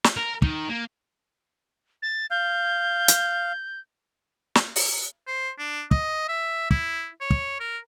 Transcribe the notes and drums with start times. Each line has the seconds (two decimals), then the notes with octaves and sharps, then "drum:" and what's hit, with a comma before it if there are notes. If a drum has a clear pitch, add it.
0.04 drum: snare
0.17 A#4
0.42 D#3, drum: kick
0.70 A#3
2.02 A6
2.31 F5 G6
3.08 drum: hi-hat
4.55 drum: snare
4.76 drum: open hi-hat
5.27 C5
5.59 D4
5.91 D#5, drum: kick
6.28 E5
6.71 E4, drum: kick
7.21 C#5
7.31 drum: kick
7.60 A#4